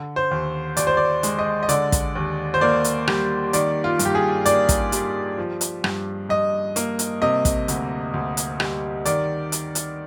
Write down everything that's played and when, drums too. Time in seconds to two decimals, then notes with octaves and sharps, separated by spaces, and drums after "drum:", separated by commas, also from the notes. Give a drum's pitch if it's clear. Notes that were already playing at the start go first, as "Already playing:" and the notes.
Already playing: D3
0.16 C5
0.31 D#2
0.77 D#2 D5, drum: hi-hat
0.87 C5
0.97 D5
1.23 G#3, drum: hi-hat
1.39 D#5
1.63 D#5
1.69 D3 D5, drum: hi-hat
1.92 drum: kick, hi-hat
2.15 D#2
2.54 C5
2.61 A#3 D5
2.84 drum: hi-hat
3.08 G3, drum: rim click
3.53 D#3 D5, drum: hi-hat
3.84 F4
3.99 G2, drum: hi-hat
4.05 G4
4.15 G#4
4.46 A#3 D5, drum: hi-hat
4.69 drum: kick, hi-hat
4.92 G3, drum: hi-hat
5.38 F3
5.61 drum: hi-hat
5.84 G2, drum: rim click
6.29 G2 D#5
6.76 A#3, drum: hi-hat
6.99 drum: hi-hat
7.22 C3 D#5
7.45 drum: kick, hi-hat
7.68 D2, drum: hi-hat
8.14 D2
8.37 drum: hi-hat
8.60 G3, drum: rim click
9.05 D#3 D5, drum: hi-hat
9.52 drum: hi-hat
9.75 drum: hi-hat